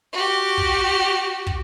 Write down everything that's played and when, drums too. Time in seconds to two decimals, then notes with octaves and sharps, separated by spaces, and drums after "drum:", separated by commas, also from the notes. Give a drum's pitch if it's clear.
0.13 F#4 G4
0.58 drum: kick
1.47 drum: kick